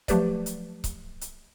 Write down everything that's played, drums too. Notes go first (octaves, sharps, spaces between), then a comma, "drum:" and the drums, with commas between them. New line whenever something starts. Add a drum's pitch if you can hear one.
F3 F#3 A3 G4 B4 D5, drum: kick C#1, hi-hat
drum: hi-hat
drum: kick C#1, hi-hat
drum: hi-hat